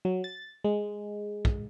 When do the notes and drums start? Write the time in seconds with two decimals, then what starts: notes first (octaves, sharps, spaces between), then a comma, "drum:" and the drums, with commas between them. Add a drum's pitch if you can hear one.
0.05 F#3
0.24 A6
0.64 G#3
1.45 drum: kick